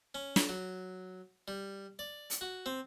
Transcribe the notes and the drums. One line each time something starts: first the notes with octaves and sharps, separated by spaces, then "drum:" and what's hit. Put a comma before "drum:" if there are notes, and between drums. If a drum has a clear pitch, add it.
C#4
drum: snare
F#3
G3
D5
drum: hi-hat
F#4
C4